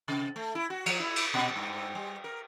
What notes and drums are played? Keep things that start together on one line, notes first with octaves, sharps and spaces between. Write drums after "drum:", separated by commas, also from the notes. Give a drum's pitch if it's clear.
C3
A3
E4
F#4
F3, drum: cymbal
E4
drum: cymbal
A#2
G2
G3
A#4